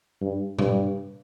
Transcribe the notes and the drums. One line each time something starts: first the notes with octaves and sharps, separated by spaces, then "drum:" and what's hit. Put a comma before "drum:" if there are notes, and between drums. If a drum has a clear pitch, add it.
G2
G2, drum: tom A#2